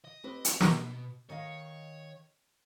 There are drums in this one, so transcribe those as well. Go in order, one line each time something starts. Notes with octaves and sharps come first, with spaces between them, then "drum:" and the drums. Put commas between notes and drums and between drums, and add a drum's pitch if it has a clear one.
D#5
C4 G4 B4
drum: hi-hat
B2, drum: snare
D#3 C#5 D#5 F5